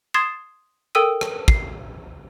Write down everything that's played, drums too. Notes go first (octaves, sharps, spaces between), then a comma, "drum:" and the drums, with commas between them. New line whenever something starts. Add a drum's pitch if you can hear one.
C6 D#6 G#6 A6 C7 E7
A4 A#4 G5 D#6 E6 D#7
drum: rim click
C7, drum: kick